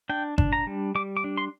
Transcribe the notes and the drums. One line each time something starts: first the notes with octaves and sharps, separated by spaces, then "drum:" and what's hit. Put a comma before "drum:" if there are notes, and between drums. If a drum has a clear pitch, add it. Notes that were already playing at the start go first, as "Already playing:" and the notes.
D4 G5
D4, drum: kick G1
A#5
G3
G3 D6
D6
D4
C6